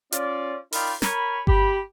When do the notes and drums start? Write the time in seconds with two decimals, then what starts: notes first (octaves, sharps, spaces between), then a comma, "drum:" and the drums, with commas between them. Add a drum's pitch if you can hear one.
0.12 C#4 F4 D5, drum: hi-hat
0.72 D#4 F4 A#4 D5 G5 B5, drum: open hi-hat
1.02 A#4 C#5 G#5 B5, drum: snare
1.47 G4 B5, drum: kick G1